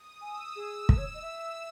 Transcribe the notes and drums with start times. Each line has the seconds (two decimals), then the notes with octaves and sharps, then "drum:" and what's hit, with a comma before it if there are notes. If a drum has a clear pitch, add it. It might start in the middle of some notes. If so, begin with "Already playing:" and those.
Already playing: D#6
0.21 G#5 E6
0.56 G#4
0.89 A4 E6, drum: kick
0.97 C#5
1.14 D#5
1.22 E5 E6